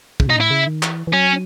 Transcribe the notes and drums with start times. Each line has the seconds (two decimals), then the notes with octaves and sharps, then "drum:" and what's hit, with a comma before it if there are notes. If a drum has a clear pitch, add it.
0.20 C#3, drum: kick
0.27 B2
0.30 D#4
0.36 A2 E4
0.51 C#3
0.67 D#3
0.83 E3, drum: clap
1.07 E3
1.13 F#3 C#4